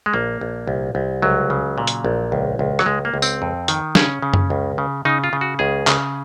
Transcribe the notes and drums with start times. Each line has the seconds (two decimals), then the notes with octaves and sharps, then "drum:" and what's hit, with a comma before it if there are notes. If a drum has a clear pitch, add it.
0.06 G#3
0.14 A#1 A#3
0.41 A#1
0.67 C2
0.95 C2
1.22 C#2 F#3
1.50 C#3
1.78 A#2
1.87 drum: hi-hat
2.05 A#1
2.32 C#2
2.59 C#2
2.79 F#3, drum: rim click
2.86 C#2 G#3
3.05 A#3
3.14 C#2
3.22 C4, drum: tambourine
3.42 F2
3.68 D#3, drum: hi-hat
3.95 C#3 C#4, drum: snare
4.22 C#3
4.34 drum: tom F#2
4.50 C#2
4.78 C#3
5.05 C#3 D#4
5.24 F4
5.33 C#3
5.41 F#4
5.59 C#2 G#4
5.87 C#3, drum: clap